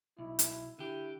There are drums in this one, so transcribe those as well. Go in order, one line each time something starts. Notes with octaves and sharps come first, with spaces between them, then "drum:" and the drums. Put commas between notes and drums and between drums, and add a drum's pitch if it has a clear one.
B1 E4
drum: hi-hat
D3 E4 G4